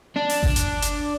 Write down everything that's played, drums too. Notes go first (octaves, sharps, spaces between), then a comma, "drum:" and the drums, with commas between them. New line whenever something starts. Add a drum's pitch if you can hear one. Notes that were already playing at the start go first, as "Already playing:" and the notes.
D4
drum: open hi-hat
drum: kick G1
drum: hi-hat
drum: hi-hat